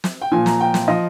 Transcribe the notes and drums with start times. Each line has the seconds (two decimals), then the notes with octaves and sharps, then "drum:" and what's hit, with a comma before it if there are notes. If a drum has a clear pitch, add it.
0.04 drum: snare
0.22 G5
0.32 A#2 F3 G#5
0.46 A#5, drum: snare
0.61 G5
0.74 drum: snare
0.88 F3 D#5